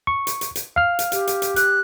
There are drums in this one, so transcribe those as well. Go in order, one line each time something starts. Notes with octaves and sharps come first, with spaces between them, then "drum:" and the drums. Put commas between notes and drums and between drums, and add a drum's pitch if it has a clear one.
C#6
drum: hi-hat
drum: hi-hat
drum: hi-hat
F5 F6
drum: hi-hat
G4, drum: hi-hat
drum: hi-hat
drum: hi-hat
F#6, drum: hi-hat